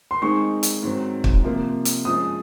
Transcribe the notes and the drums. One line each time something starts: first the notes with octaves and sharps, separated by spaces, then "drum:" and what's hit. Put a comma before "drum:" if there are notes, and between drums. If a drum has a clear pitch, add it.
C6
D#3 G#3 C4 D#4 C#6
drum: hi-hat
G#2 D#3 F#3 C4
drum: kick
C3 F3 A#3
drum: hi-hat
F#2 F3 G#3 D#6